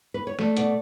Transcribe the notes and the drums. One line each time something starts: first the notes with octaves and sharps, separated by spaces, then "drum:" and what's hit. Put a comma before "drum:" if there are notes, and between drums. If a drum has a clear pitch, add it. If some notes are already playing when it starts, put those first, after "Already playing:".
B4
C#5
A3 D5, drum: snare
B2 D5, drum: hi-hat